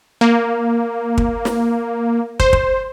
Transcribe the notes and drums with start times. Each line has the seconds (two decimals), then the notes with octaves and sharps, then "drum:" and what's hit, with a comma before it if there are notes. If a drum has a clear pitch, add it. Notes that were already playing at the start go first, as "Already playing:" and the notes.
0.21 A#3
1.18 drum: kick
1.45 drum: snare
2.40 C5, drum: kick
2.53 drum: kick